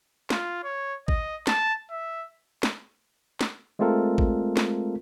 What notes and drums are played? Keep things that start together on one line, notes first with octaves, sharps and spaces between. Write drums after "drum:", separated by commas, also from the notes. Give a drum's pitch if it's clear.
F4, drum: snare
C#5
D#5, drum: kick A1
A5, drum: snare
E5
drum: snare
drum: snare
G#3 A3 C4 F4 A4 A#4
drum: kick A1
drum: snare